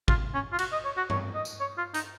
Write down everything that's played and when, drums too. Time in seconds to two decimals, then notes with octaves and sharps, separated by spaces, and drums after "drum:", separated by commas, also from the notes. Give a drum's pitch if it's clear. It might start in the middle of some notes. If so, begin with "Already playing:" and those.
0.08 F4, drum: kick
0.34 C#4
0.52 F4
0.59 F#4, drum: cymbal
0.72 D#5
0.85 C#5
0.97 F#4
1.10 C#5, drum: tom G2
1.35 D#5
1.45 drum: tambourine
1.60 C#5
1.77 F4
1.94 D#4, drum: hi-hat